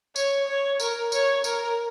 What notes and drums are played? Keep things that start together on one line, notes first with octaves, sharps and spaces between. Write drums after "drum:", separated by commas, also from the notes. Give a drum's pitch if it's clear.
C#5, drum: tambourine
C#5
A#4, drum: tambourine
C#5, drum: tambourine
A#4, drum: tambourine